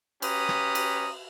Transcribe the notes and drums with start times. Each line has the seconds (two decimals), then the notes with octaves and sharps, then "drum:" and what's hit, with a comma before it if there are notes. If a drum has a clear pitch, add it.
0.22 C#4 G4 B4 A#5 D#6, drum: cymbal
0.49 drum: rim click
0.75 drum: cymbal